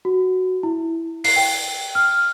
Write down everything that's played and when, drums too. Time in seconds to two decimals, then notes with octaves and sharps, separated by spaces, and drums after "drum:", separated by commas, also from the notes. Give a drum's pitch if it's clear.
0.05 F#4
0.63 E4
1.24 C7, drum: open hi-hat
1.36 G5
1.95 F6